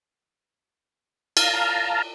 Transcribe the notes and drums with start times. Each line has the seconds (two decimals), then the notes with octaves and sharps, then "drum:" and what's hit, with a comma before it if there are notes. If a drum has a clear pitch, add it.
1.37 F5 A5 A#5, drum: cymbal